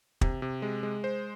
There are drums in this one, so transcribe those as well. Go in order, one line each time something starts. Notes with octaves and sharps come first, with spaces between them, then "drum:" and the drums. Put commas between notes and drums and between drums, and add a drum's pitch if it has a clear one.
C3, drum: kick
C3
G#3
G#3
C5